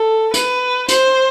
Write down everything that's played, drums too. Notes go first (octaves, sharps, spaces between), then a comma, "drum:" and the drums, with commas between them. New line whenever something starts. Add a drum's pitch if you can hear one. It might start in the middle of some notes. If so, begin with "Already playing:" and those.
Already playing: A4
B4, drum: hi-hat
C5, drum: hi-hat